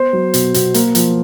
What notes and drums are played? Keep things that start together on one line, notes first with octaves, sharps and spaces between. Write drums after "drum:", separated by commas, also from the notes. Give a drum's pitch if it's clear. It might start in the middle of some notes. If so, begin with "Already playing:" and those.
Already playing: B3 C5
F#3
B2, drum: hi-hat
B2, drum: hi-hat
A#3, drum: hi-hat
F3, drum: hi-hat